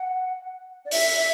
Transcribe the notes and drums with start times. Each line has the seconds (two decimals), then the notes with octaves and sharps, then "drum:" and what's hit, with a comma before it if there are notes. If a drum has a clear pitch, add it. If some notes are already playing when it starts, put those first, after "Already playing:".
Already playing: F#5
0.85 D5
0.91 E5, drum: open hi-hat
1.17 E5